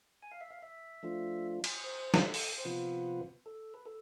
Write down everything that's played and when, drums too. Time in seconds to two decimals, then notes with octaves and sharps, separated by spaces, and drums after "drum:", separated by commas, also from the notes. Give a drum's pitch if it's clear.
0.22 G#5
0.32 F5
0.41 E5
0.51 F5
0.62 E5
1.03 F3 A3 D4 F4
1.64 drum: cymbal
1.84 C5
2.14 B4, drum: snare
2.24 A4
2.34 drum: open hi-hat
2.58 C5
2.64 C3 F3 B3 F4 B4
3.46 A4
3.74 B4
3.86 A4